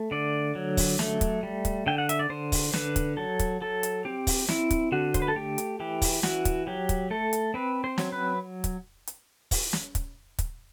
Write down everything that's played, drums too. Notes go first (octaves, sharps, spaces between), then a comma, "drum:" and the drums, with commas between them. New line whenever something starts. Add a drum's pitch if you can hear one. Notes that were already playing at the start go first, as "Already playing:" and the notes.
Already playing: A3
D3 D5
F#3
drum: kick, open hi-hat
A3, drum: snare
drum: kick, hi-hat
G3
drum: kick, hi-hat
D3 G5
F#5
E5, drum: hi-hat
D5
D3 C5
drum: kick, open hi-hat
D3 B4, drum: snare
drum: kick, hi-hat
F#3 A4
drum: kick, hi-hat
F#3 A4
drum: hi-hat
C4 G4
drum: kick, open hi-hat
C4 E4, drum: snare
drum: kick, hi-hat
D3 F#4
C5, drum: kick, hi-hat
B4
A4
A3 G4
drum: hi-hat
E3 G4
drum: kick, open hi-hat
E3 F#4, drum: snare
drum: kick, hi-hat
F#3 G4
drum: kick, hi-hat
A3 A4
drum: hi-hat
C4 B4
C5
F#3, drum: snare
B4
drum: kick, hi-hat
drum: hi-hat
drum: kick, open hi-hat
drum: snare
drum: kick, hi-hat
drum: kick, hi-hat